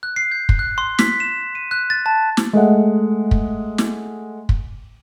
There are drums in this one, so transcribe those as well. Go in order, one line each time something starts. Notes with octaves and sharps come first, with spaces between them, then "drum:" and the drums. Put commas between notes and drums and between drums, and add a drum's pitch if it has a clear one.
F#6
C7
G6
drum: kick
F#6
C6
B6, drum: snare
E7
D#7
F#6
A6
A5
drum: snare
G#3 A3 F#5
drum: kick
drum: snare
drum: kick